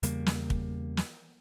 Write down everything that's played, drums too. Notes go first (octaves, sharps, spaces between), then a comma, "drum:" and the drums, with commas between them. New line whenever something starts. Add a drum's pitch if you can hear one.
E2 C#3 G3 A#3, drum: hi-hat
drum: snare
drum: kick
drum: snare